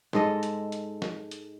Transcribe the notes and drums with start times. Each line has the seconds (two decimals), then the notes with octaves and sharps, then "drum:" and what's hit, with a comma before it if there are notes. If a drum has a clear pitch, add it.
0.13 G#2 G#3 A4 D#5, drum: snare
0.43 drum: hi-hat
0.72 drum: hi-hat
1.02 drum: snare
1.31 drum: hi-hat